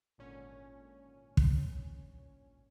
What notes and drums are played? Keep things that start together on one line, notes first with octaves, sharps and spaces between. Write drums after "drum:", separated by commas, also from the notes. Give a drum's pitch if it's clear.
G#1 A#2 D3 C#4
drum: kick